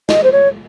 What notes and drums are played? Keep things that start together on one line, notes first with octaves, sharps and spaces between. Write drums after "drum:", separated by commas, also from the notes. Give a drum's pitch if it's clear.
D#5, drum: snare
C5
C#5